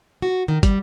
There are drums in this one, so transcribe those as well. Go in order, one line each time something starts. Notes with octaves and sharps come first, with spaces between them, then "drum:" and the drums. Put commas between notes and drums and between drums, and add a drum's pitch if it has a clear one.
F#4
D#3
G3, drum: kick, hi-hat